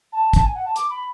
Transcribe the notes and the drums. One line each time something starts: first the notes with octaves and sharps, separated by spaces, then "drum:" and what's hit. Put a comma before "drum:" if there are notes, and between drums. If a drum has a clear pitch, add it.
A5
A5, drum: kick, hi-hat
G#5
F#5
A5
D6, drum: hi-hat
B5